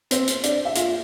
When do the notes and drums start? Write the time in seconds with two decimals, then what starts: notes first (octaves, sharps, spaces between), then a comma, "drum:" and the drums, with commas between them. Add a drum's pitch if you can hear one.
0.11 C4 C5, drum: hi-hat
0.28 drum: hi-hat
0.43 D4 D5, drum: hi-hat
0.65 E5
0.75 F4 F5, drum: hi-hat